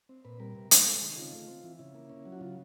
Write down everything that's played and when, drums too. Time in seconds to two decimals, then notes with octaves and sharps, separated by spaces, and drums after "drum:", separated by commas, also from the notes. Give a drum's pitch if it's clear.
0.09 C4
0.25 A#2 B4
0.40 G3 A#4
0.55 C3
0.71 G#3, drum: hi-hat
0.86 C4 A4
1.01 D#3 G#4
1.17 C#3 F4
1.33 A3
1.48 C4
1.64 E3
1.79 C#3 E4
1.94 A#3
2.09 C#4
2.25 F#3
2.32 F#4
2.41 C#3 F4